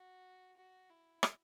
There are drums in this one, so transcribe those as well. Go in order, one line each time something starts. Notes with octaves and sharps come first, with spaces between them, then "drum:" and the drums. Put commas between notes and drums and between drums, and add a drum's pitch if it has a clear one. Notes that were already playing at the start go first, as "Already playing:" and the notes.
Already playing: F#4
F#4
E4
drum: rim click